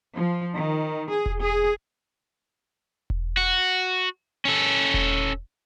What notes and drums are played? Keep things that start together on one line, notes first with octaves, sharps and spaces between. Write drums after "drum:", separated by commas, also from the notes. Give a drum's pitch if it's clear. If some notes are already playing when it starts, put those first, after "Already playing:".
F3
D#3
G#4
drum: kick E1
G#4
drum: kick E1
F#4
C#4 A4
drum: kick E1